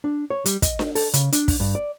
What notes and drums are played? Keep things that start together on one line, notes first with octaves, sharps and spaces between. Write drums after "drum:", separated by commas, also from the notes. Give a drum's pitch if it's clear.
D4
C#5
G3, drum: hi-hat
D#5, drum: kick, hi-hat
drum: snare D4
A4, drum: open hi-hat
C#3, drum: hi-hat
D4, drum: hi-hat
drum: kick, open hi-hat
G2
D5